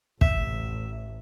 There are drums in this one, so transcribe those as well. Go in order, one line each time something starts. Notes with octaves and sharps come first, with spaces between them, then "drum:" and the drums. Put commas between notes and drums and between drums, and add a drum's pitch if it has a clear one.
A1 E5, drum: kick